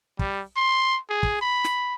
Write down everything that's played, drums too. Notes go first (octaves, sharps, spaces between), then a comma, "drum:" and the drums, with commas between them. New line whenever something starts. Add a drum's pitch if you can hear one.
G3, drum: kick
C6
G#4
drum: kick
B5
drum: snare